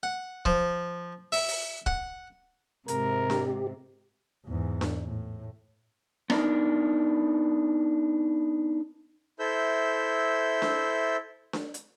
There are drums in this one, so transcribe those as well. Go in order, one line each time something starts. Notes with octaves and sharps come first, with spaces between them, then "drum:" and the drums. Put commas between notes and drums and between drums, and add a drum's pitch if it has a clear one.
F#5
F3, drum: kick
E5, drum: open hi-hat
drum: open hi-hat
F#5, drum: kick
G#2 C3 A#4, drum: hi-hat
G4, drum: snare D4
E2 G#2
drum: snare D4
A2
B3 D4 D#4 A#4, drum: rim click
E4 A4 C5 E5 E6 G6
drum: snare D4
drum: snare D4
drum: hi-hat